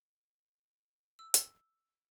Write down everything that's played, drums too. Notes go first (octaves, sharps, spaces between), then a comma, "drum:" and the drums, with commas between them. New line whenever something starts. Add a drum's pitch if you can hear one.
E6
drum: hi-hat